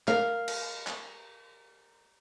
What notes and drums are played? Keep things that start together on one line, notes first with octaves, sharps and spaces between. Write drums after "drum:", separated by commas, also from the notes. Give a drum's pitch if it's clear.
A#4 F5, drum: clap
drum: cymbal
drum: clap